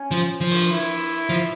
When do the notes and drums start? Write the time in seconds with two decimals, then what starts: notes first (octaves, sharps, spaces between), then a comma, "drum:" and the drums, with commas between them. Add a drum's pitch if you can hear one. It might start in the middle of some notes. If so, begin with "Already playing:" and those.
Already playing: C#4
0.11 F3
0.41 F3
0.51 drum: cymbal
0.70 E4
1.29 F3